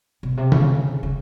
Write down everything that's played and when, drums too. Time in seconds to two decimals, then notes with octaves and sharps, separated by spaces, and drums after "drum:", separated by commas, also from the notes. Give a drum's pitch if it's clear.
0.23 B2
0.37 C3
0.52 C#3, drum: tom
1.03 C#3